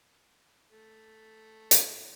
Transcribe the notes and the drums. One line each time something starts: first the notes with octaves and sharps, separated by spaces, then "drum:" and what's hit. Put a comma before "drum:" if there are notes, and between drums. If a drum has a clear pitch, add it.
A3
drum: hi-hat